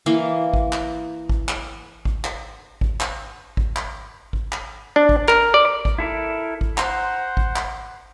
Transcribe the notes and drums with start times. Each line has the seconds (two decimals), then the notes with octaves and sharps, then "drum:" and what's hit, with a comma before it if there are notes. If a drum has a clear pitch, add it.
0.06 E3 A#3 F5 A#5
0.54 drum: kick G#1
0.73 drum: clap
1.29 drum: kick G#1
1.48 drum: clap
2.05 drum: kick G#1
2.24 drum: clap
2.81 drum: kick G#1
3.00 drum: clap
3.57 drum: kick G#1
3.76 drum: clap
4.33 drum: kick G#1
4.52 drum: clap
4.96 D4
5.09 drum: kick G#1
5.28 A#4, drum: clap
5.54 D5
5.85 drum: kick G#1
5.99 E4 A4 A#4
6.61 drum: kick G#1
6.78 C5 F#5 A#5 C6, drum: clap
7.37 drum: kick G#1
7.56 drum: clap